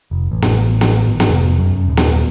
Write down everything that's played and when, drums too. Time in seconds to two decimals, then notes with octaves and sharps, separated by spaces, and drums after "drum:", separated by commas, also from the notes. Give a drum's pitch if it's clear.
0.11 F1
0.32 A1
0.42 drum: snare
0.81 drum: snare
1.07 G#1
1.20 drum: snare
1.29 F1
1.59 F#2
1.88 D#1
1.97 drum: snare